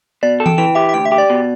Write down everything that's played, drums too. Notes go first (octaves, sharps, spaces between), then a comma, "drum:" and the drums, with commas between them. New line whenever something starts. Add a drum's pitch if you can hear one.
B2 D5
A4
G5, drum: tom E3
E3 G5
G4 E5
E5
D2 G5
E5
G4
D5
B2